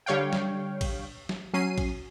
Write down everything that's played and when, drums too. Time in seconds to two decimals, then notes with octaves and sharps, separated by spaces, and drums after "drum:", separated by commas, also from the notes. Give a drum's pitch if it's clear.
0.06 D3 G3 C#5 F5 G5
0.33 drum: snare
0.81 drum: kick A1, cymbal
1.29 drum: snare
1.53 F#3 C#4 C7 D#7
1.78 drum: kick A1, cymbal